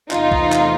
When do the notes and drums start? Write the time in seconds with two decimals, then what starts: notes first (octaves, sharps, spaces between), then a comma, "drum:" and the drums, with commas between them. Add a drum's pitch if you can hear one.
0.11 E2 C3 E3 A3 D#4 F4, drum: clap
0.32 drum: kick
0.52 drum: clap